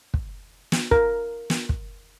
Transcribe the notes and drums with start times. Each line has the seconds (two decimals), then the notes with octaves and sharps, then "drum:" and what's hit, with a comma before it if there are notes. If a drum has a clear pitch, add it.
0.14 drum: kick
0.72 drum: snare
0.91 A#4, drum: kick
1.50 drum: snare
1.69 drum: kick